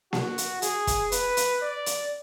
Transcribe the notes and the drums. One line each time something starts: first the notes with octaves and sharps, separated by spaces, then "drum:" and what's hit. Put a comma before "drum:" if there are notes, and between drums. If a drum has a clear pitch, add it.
F#4, drum: snare A#3
drum: hi-hat
G#4, drum: hi-hat
drum: kick, hi-hat
B4, drum: hi-hat
drum: hi-hat
D5
drum: hi-hat